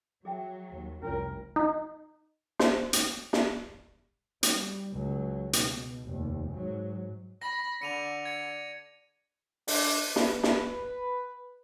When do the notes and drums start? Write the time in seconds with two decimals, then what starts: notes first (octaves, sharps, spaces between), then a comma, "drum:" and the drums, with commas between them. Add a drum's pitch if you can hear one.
0.25 F#3 G#4 E5 G5
0.71 D#2
1.02 F1 C2 C#4 F4 A#4 C#5
1.56 D#4
2.59 C5, drum: snare
2.93 drum: hi-hat
3.33 drum: snare
4.43 G3, drum: hi-hat
4.93 C#2 F#3
5.53 B2, drum: hi-hat
6.04 F1 D#2
6.50 G#2 F#3
7.42 B5 A#6
7.82 D3 C#7 D#7 F7
8.25 G#6 C#7
9.68 D4, drum: open hi-hat
10.16 B4, drum: snare
10.43 drum: snare